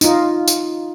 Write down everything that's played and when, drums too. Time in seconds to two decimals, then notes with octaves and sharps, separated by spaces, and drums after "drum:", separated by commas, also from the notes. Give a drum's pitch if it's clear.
0.01 D#4 F4, drum: tambourine
0.48 drum: tambourine